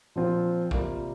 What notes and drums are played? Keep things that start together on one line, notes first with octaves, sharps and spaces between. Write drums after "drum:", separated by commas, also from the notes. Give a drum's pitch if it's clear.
A#2 F3 C4 F4
C3 G3 A#3 F4, drum: kick A1